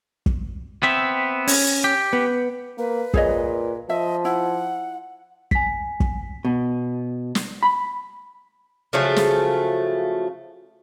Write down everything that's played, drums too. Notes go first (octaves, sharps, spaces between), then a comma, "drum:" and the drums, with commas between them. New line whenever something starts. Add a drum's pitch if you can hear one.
drum: kick
B3 C4 E5
C#4, drum: open hi-hat
G4
B3
A#3 B4
A#2 G#4 C#5 D#5, drum: kick
F3 D#5 E5
E4 F#5
G#5 B6, drum: kick
drum: kick
B2
drum: snare
B5
C#3 F3 F#3 A3
drum: snare